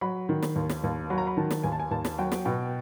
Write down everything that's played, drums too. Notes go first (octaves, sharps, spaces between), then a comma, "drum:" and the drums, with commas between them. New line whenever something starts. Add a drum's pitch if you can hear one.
F#3 B5
D#3
drum: snare
D#2
drum: snare
D#2
F#3 B5
A#5
B5
D#3 A5
drum: snare
D#2 G#5
A5
G#5
D#2 A5
drum: snare
F#3 G5
drum: snare
B2 G5